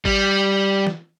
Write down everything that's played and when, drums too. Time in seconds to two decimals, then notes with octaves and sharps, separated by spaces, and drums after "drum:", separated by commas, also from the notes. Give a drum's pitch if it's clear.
0.05 G3, drum: kick G#1
0.87 drum: snare E3